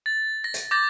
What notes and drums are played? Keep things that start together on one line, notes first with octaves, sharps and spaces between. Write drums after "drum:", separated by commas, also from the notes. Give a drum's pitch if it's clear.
A6
A#6
drum: hi-hat
D6 G6 A6 A#6